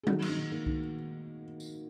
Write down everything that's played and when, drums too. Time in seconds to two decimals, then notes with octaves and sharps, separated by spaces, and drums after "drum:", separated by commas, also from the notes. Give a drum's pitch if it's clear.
0.03 G#4
0.07 D#3 F#4, drum: tom F#3
0.22 A#3, drum: cymbal
0.29 D#4
0.37 D#3
0.51 A#3 D#4
0.66 D#3, drum: kick B1
1.60 drum: tambourine